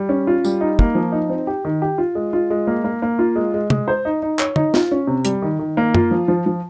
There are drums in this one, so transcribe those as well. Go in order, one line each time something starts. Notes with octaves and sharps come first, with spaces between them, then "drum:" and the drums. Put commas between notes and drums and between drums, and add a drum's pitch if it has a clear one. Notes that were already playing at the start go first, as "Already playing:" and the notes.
Already playing: G3
C#4
F4
G3, drum: tambourine
D#4
A#3, drum: kick
F3
D#4
C4
G4
D#3
G4
F4
G#3
F4
G#3
A#3
A#3
A#3
F4
G#3
G#3
G#3, drum: tom
C5
D#4
D#4
C#5, drum: clap
D#4, drum: tom
F4, drum: snare
C#4
C3
G3, drum: hi-hat
D#3
D#3
A#3
F4, drum: tom
F3
F3
F3